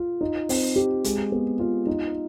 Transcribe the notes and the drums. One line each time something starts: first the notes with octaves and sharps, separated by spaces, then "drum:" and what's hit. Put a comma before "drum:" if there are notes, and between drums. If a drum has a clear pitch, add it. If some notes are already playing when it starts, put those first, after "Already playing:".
Already playing: F4
D#4
C4, drum: open hi-hat
G4
G#3, drum: hi-hat
B3
F4
D#4